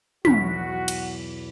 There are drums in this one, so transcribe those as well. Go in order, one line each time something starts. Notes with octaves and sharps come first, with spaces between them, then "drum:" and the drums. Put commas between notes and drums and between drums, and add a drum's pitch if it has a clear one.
B1 E2 F#4 B6, drum: tom
drum: cymbal